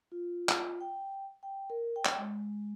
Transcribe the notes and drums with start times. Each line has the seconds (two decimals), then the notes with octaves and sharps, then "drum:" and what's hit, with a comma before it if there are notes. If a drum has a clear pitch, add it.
0.12 F4
0.49 drum: clap
0.81 G5
1.43 G5
1.70 A#4
1.96 G5
2.05 drum: clap
2.19 G#3